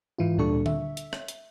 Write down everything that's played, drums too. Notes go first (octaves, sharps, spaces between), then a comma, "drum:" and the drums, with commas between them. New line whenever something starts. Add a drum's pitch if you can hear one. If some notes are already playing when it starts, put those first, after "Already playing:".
G#2 E3 E4 F4
D2 A#2 G3 D4 A4 C#6
E5, drum: tom D3
drum: hi-hat
drum: rim click
drum: hi-hat